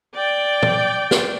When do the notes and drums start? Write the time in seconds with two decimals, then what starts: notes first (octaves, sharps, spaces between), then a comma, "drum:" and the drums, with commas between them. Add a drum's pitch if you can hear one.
0.14 D5 G5
0.63 drum: tom
1.11 drum: snare